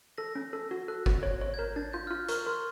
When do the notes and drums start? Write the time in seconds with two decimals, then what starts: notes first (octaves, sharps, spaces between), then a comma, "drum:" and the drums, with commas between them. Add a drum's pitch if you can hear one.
0.18 A4 A#6
0.35 C#4
0.53 A4
0.71 F#4
0.88 A4 F#6
1.06 F#4, drum: kick
1.23 C#5
1.41 C#5
1.54 G#6
1.59 A#4 G6
1.76 D4 A6
1.93 F4 G6
2.07 F6
2.11 F4 F#6
2.29 A#4 C#6, drum: hi-hat
2.46 A#4 C6